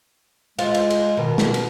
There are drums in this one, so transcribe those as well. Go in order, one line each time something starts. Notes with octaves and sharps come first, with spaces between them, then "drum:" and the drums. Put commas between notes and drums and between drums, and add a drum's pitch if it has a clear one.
G#3 F4 C5, drum: cymbal
drum: cymbal
drum: cymbal
B2 D#3
drum: snare
drum: cymbal